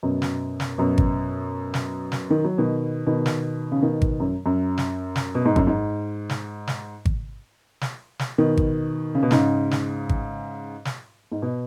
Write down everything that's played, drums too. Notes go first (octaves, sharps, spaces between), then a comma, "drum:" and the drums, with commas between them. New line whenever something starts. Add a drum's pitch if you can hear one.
F#2 B2
drum: snare
drum: snare
F#2 B2
drum: kick G#1
drum: snare
drum: snare
D#3
F#3
B2 D#3
B2 D#3
drum: snare
C#3
B2 D#3
drum: kick G#1
F#2
F#2
drum: snare
drum: snare
B2
G#2
F#2, drum: kick G#1
G#2
drum: snare
drum: snare
drum: kick G#1
drum: snare
drum: snare
B2 D#3
drum: kick G#1
C#3
B2
G#2 C#3, drum: snare
drum: snare
drum: kick G#1
drum: snare
G#2
B2